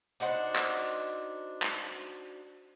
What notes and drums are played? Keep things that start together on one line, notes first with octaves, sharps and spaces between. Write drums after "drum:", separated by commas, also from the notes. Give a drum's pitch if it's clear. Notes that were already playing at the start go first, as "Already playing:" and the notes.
D4 D#4 F#4 C5
drum: clap
drum: clap